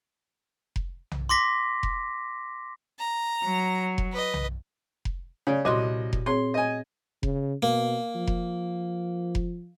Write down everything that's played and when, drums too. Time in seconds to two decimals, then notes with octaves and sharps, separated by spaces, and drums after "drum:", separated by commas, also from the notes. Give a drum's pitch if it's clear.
0.76 drum: kick F1
1.12 drum: tom B1
1.29 C6 D6 A#6 B6
1.83 drum: kick F1
2.99 A#5
3.45 F#3
3.98 drum: kick F1
4.12 B4 D#5
4.34 drum: tom B1
5.05 drum: kick F1
5.47 C#3 C#5 D5
5.65 C2 A#2 F#4 D#5 C6
6.13 drum: kick F1
6.26 C4 G#4 C#5 C6
6.54 D#5 G#5
7.23 C#3, drum: kick F1
7.62 B2 A#3
8.15 F3
8.28 drum: kick F1
9.35 drum: kick F1